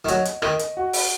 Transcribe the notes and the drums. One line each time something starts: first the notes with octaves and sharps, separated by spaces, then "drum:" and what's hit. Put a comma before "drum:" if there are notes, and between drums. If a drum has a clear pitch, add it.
D#3
F#3 D#5, drum: hi-hat
drum: hi-hat
D#3 D#5, drum: rim click
drum: hi-hat
F#4
drum: open hi-hat